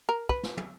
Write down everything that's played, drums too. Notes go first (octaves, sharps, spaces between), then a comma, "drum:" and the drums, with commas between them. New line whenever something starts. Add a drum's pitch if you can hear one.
A#4
B4, drum: kick
drum: snare
drum: tom